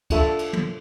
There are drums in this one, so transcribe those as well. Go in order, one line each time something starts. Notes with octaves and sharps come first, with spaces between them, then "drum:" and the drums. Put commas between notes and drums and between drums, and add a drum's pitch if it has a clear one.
D4 F4 A4 E5, drum: kick C#2, cymbal
drum: cymbal
drum: tom